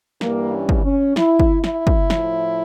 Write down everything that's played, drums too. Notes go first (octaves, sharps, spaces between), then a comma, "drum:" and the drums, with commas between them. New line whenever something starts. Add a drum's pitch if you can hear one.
G2 E3 G3 A#3, drum: snare
C#4
drum: kick
C#4
E4, drum: snare
drum: kick
E4, drum: snare
drum: kick
A2 F3, drum: snare